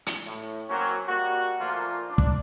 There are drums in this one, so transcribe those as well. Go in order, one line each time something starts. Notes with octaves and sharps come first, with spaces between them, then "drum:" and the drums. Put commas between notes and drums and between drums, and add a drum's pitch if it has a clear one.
drum: hi-hat
A2
F#3 A#3 C4 C#4 F#4
G3 A#3 F#4
A#2 F3 A3 A#3 F4
D4
drum: kick